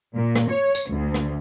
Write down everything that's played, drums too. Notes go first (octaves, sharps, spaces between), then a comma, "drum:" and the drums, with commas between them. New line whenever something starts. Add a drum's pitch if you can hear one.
A#2
drum: rim click
C#5
drum: tambourine
D2
drum: rim click